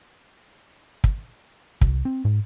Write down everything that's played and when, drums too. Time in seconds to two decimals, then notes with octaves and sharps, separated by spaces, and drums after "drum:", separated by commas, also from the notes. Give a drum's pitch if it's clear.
1.04 drum: kick
1.81 C2, drum: kick
2.05 C4
2.25 G#2